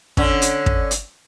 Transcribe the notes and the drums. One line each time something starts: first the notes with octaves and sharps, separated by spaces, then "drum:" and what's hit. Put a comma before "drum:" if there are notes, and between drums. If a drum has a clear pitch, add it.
D3 C#4, drum: kick
drum: hi-hat
drum: kick
drum: hi-hat